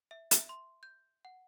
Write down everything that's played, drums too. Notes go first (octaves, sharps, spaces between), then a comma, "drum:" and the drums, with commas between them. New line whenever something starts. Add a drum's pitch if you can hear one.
E5
E5, drum: hi-hat
C6
G6
F#5